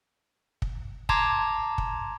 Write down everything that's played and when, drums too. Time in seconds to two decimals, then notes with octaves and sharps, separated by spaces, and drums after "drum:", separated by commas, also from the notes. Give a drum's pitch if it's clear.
0.62 drum: kick
1.09 A5 A#5 C6 D6 G#6, drum: kick
1.78 drum: kick